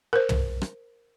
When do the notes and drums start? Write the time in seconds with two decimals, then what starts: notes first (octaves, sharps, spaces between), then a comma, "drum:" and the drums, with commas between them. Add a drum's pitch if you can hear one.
0.13 A#4 C5
0.29 drum: tom
0.62 drum: rim click